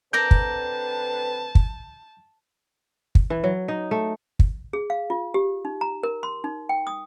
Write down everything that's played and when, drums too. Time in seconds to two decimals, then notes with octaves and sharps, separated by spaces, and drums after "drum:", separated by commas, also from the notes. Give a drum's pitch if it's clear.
0.13 D3 C4 A#4 B4 D5 A5 A#5 G6
0.31 drum: kick
1.55 drum: kick
3.15 drum: kick
3.30 E3
3.44 F#3
3.68 D#4
3.91 A3
4.39 drum: kick
4.73 G#4
4.90 F5
5.10 F4
5.34 G4
5.65 D#4
5.81 A#5
6.03 A#4
6.23 C6
6.44 D#4
6.69 G5
6.87 D#6